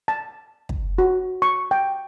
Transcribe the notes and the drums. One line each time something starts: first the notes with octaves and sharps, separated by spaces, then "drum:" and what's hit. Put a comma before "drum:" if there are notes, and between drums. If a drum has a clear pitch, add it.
A5
drum: kick
F#4
C#6
G5